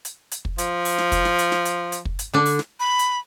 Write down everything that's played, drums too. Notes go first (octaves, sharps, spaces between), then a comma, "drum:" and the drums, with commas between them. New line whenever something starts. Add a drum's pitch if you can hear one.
drum: hi-hat
drum: hi-hat
drum: kick
F3, drum: hi-hat
drum: open hi-hat
drum: snare
drum: kick, hi-hat
drum: snare
drum: hi-hat
drum: snare
drum: hi-hat
drum: hi-hat
drum: kick
drum: hi-hat
D3 D4
drum: open hi-hat
drum: snare
B5
drum: hi-hat